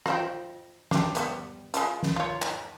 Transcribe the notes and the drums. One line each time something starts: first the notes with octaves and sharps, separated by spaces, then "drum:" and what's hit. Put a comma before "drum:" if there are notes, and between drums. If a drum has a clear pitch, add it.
F4 C5 G5, drum: rim click
D4 G5, drum: snare
G3 A#3 B3, drum: hi-hat
G#3 E4 F4, drum: hi-hat
drum: snare
F4 C#5
drum: clap